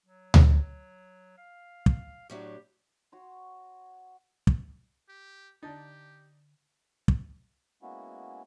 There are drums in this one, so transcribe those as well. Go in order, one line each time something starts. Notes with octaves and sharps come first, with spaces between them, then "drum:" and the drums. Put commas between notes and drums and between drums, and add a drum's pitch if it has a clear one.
F#3
drum: tom D2
F5
drum: kick
A2 F#3 D4 G4
F#4 C#5 C6
drum: kick
G4
D3 D4 D#4 G4 A5 A6
drum: kick
G#3 A#3 B3 C#4 E4 F#4